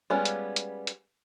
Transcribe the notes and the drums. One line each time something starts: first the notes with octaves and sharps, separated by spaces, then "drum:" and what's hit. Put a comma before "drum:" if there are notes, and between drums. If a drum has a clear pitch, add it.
G3 G#3 B3 C#4 F4
drum: hi-hat
drum: hi-hat
drum: hi-hat